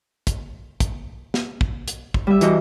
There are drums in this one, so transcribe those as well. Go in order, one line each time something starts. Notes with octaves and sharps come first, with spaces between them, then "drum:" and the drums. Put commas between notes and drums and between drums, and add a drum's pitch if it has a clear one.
drum: kick, hi-hat
drum: kick, hi-hat
drum: snare
drum: kick
drum: hi-hat
drum: kick
G3 E5
E3 F#4 D#5, drum: hi-hat